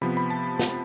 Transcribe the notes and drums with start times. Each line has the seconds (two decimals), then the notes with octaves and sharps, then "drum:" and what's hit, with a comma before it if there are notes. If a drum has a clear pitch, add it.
0.01 C3 F3 B3 B5
0.17 B5
0.30 A5
0.59 drum: snare